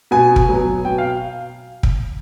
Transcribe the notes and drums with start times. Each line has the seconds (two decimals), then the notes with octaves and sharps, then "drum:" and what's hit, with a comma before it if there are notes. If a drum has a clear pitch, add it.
0.11 B2 G#5
0.36 drum: kick
0.49 F#3 B3
0.85 B2 G5
0.98 F5
1.83 drum: kick